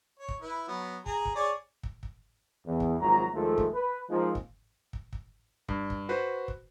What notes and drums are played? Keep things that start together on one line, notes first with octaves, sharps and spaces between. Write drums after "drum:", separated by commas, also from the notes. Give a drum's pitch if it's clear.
C#5
drum: kick
E4 B4
F#3 B3
G#4 A#5, drum: kick
drum: kick
G#4 C#5 D5
drum: kick
drum: kick
E2
drum: kick
G#1 F3 F#3 A#5
D#2 F3 G#3 A3
drum: kick
B4
F3 G#3 A#3 C4 D#4 F4
drum: kick
drum: kick
drum: kick
G2, drum: kick
drum: kick
F#4 B4 C5
drum: kick